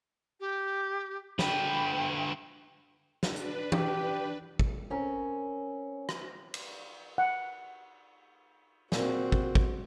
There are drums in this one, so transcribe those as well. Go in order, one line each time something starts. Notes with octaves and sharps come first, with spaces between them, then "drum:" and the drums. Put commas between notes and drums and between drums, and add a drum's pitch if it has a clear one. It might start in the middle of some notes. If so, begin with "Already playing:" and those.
G4
D3 B4 G5, drum: snare
drum: snare
D4 B4, drum: hi-hat
G4, drum: tom E3
drum: kick
C4 C#4 A#4
drum: rim click
drum: cymbal
F#5
A#2 C4 F#4, drum: snare
drum: kick
drum: kick